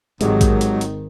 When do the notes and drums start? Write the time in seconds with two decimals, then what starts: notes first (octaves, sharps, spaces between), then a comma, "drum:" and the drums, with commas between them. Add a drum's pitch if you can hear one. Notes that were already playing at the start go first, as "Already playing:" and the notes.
0.21 G#1 D#3 F#3 G#3 G4 G#4, drum: hi-hat
0.41 drum: kick A1, hi-hat
0.61 drum: hi-hat
0.81 drum: hi-hat